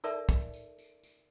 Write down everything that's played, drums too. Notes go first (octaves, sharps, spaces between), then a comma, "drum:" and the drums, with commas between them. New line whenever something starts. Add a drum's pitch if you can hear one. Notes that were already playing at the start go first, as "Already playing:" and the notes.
D#4 A4 A#4 D5 E5 A5, drum: tambourine
drum: kick, tambourine
drum: tambourine
drum: tambourine
drum: tambourine